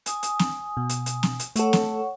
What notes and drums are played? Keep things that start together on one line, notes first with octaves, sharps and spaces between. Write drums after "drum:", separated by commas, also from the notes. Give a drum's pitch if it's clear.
G#5 D#6, drum: hi-hat
drum: hi-hat
drum: snare
B2
drum: hi-hat
drum: hi-hat
drum: snare
drum: hi-hat
A3 A4 C#5 F#5 C#6, drum: hi-hat
drum: snare